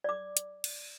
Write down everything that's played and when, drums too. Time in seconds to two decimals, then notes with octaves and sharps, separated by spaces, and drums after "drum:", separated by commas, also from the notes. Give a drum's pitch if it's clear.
0.04 D5 D6
0.37 drum: hi-hat
0.64 drum: cymbal